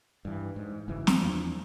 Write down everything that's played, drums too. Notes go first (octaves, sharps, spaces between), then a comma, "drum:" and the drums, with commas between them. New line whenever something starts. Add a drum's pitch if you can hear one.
G2 E3
G#2
F#1 F#2 C#3 E3
drum: snare
E2 F3 A#3 D4